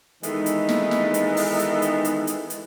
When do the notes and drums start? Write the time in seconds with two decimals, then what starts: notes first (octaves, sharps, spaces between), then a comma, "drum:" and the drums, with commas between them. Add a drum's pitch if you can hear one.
0.23 D#3 E3 G#3 B3 D#4 A4, drum: hi-hat
0.46 drum: hi-hat
0.69 drum: snare
0.91 drum: snare
1.14 drum: hi-hat
1.37 drum: open hi-hat
1.59 drum: hi-hat
1.82 drum: hi-hat
2.05 drum: hi-hat
2.27 drum: hi-hat
2.50 drum: hi-hat